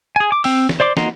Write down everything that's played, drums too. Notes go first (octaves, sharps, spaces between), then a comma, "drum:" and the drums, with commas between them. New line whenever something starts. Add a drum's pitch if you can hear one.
G#4 G#5
D6
C4 G5 E6, drum: open hi-hat
drum: snare
C5 D5 C6 D6
A#3 D#4 F#4 A#5 C6, drum: snare